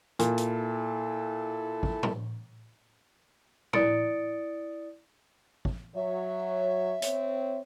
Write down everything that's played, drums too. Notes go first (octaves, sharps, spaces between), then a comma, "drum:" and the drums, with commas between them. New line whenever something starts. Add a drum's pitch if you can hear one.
A#2 E4 A4, drum: hi-hat
drum: hi-hat
drum: kick
drum: tom
E4 D5 D#6 A6 C#7 D7, drum: tom
drum: kick
F#3 C#5 E5
C4 C#5, drum: hi-hat